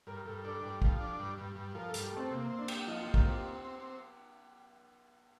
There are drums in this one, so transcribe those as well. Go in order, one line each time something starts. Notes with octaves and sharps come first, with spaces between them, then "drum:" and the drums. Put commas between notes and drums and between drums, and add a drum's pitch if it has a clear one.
G2 A#4
G2 A4
D4 A4
G2 G4
F3, drum: kick
D4
G2
G2
G2
F3 A#4
A4
G2, drum: hi-hat
G4
A3 C4
C3 A#3
C4
D4
G4, drum: cymbal
F3 D#4
F4 G4
A#4, drum: kick
C4 G4
C4
C4
C4